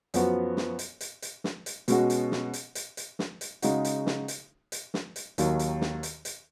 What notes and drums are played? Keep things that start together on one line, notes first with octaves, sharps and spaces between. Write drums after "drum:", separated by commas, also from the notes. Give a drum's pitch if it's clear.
F#2 F3 B3 F#4, drum: hi-hat
drum: snare
drum: hi-hat
drum: hi-hat
drum: hi-hat
drum: snare
drum: hi-hat
B2 G#3 C#4 F#4, drum: hi-hat
drum: hi-hat
drum: snare
drum: hi-hat
drum: hi-hat
drum: hi-hat
drum: snare
drum: hi-hat
C#3 G#3 D#4 F#4, drum: hi-hat
drum: hi-hat
drum: snare
drum: hi-hat
drum: hi-hat
drum: snare
drum: hi-hat
D#2 D#3 F#3, drum: hi-hat
drum: hi-hat
drum: snare
drum: hi-hat
drum: hi-hat